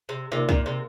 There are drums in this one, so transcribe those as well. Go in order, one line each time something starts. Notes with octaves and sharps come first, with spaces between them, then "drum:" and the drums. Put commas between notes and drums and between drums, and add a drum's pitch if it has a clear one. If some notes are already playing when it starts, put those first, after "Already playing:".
C3
C3 D#3 A#3 F4 A#4 D5
A#2, drum: kick
C3